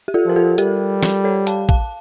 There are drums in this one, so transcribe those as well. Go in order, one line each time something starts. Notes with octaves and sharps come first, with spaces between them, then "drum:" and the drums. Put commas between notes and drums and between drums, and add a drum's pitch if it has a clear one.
G4
F4 A4
F3 A#4
F4 A4
G3 G4 A#4, drum: hi-hat
drum: snare
A4 C#5
F5 A5, drum: hi-hat
F5 A5, drum: kick A1